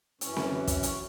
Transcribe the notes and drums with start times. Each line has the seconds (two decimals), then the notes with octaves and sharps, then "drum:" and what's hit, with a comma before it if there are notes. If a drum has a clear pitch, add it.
0.21 F#2 E3 C#4, drum: hi-hat
0.37 drum: snare C4
0.67 drum: kick, hi-hat
0.83 drum: hi-hat